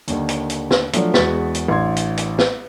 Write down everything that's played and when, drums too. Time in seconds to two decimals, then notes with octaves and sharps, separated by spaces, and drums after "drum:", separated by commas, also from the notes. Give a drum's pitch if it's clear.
0.08 D#2 D3 D#3, drum: hi-hat
0.29 drum: hi-hat
0.50 drum: hi-hat
0.71 drum: snare
0.93 F3 F#3 A3 D4 F4, drum: hi-hat
1.14 E2 G#3 F#4 A6 B6, drum: snare
1.55 drum: hi-hat
1.68 A1 D4 C6 G#6
1.97 drum: hi-hat
2.18 drum: hi-hat
2.38 drum: snare